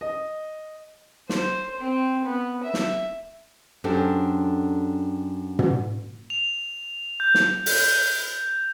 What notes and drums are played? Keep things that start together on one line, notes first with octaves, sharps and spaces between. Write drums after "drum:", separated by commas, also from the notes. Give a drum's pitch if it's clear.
D#5
C5, drum: snare
C4
B3
E5
drum: snare
F#2 D4 G4 A4 C5
drum: tom
F7
G6
drum: snare
drum: open hi-hat